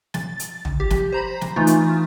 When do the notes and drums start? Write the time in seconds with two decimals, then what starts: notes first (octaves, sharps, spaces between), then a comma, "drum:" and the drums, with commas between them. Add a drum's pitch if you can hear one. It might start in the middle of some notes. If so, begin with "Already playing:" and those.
0.14 A6, drum: snare
0.39 drum: hi-hat
0.65 drum: tom
0.80 G4
0.90 drum: snare
1.12 C5 A#5 B5
1.41 drum: snare
1.56 E3 A3 D#4 F4
1.67 drum: hi-hat